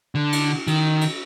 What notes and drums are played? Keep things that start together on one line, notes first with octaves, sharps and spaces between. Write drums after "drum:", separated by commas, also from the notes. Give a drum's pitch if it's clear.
D3
drum: cymbal
D#3, drum: cymbal
drum: cymbal